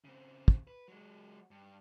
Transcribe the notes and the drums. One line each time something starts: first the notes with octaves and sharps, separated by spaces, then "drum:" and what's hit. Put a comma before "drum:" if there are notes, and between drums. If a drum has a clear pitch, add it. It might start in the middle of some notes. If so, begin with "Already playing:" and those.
C#3 C4
drum: kick
B4
F#3 G#3
G2